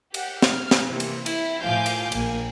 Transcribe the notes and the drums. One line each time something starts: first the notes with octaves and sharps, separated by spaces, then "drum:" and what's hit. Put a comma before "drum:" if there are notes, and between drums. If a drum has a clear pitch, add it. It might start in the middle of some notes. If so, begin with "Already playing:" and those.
G4 F#5, drum: cymbal
F6, drum: snare
drum: snare
C3 E3 A#3
drum: cymbal
E4, drum: cymbal
A2 F3 F5 G#5 D6 G6
drum: cymbal
A#1 A#3 G#5, drum: cymbal